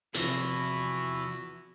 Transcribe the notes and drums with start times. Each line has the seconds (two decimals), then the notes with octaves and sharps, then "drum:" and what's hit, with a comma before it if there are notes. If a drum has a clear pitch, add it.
0.14 E2 C3 F3 E4 F#4, drum: hi-hat